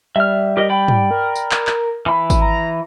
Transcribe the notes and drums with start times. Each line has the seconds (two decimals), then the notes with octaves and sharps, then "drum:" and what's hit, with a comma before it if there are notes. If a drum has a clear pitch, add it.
0.16 G3 E5 F6
0.57 G4 A#4 D#5
0.69 D5 G5 B5
0.88 drum: tom
1.11 A#4
1.36 drum: tambourine
1.51 drum: clap
1.67 drum: clap
2.06 E3 B5
2.30 drum: kick G#1, tambourine
2.41 A#5